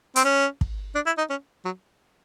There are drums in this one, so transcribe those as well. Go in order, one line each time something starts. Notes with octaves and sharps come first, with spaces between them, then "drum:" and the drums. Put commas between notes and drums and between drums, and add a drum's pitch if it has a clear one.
C4, drum: hi-hat
C#4
drum: kick
D4
E4
D#4
C#4
F#3